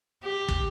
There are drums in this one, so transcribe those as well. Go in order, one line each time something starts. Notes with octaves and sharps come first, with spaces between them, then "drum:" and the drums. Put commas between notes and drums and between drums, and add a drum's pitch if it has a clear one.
G4
drum: kick